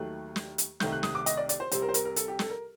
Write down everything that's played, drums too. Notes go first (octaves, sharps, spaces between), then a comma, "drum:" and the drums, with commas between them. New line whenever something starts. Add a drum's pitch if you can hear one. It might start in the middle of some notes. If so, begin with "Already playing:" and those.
Already playing: D#2 D#3 F#3 A3 F#6
drum: snare
drum: hi-hat
C2 C3 D#3 A3 G6, drum: snare
F#6
D#6, drum: snare
D6
D#5, drum: hi-hat
D5
D5, drum: hi-hat
C5
C2 C3 G3 C5, drum: hi-hat
A#4
C5
A#4, drum: hi-hat
A#4
A4, drum: hi-hat
G4
A4, drum: snare
A#4